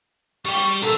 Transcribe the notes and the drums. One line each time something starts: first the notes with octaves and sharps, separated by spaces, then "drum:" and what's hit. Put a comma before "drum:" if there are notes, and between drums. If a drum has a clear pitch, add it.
G3 G4 C#6
drum: hi-hat
D4 A4 A#4, drum: hi-hat